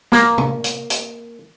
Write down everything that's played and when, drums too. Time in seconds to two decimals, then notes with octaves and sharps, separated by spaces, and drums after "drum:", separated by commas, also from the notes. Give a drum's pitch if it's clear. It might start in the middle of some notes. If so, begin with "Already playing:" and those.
0.12 A#3, drum: snare
0.38 drum: tom C3
0.64 drum: hi-hat
0.90 drum: hi-hat